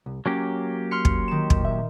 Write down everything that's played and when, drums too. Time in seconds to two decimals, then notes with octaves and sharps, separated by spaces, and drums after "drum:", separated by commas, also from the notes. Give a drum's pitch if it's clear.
0.06 C2
0.26 F#3 A#3 C#4 G4
0.91 C6 F6 C#7
1.05 drum: kick
1.28 D#3 E7
1.50 drum: kick
1.61 A#2 E5